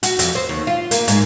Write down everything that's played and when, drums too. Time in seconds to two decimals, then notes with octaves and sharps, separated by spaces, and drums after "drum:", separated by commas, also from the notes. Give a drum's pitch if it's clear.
0.03 F#4, drum: hi-hat
0.19 F2, drum: hi-hat
0.35 C5
0.49 D#2
0.67 F4
0.91 A#3, drum: hi-hat
1.08 G#2, drum: hi-hat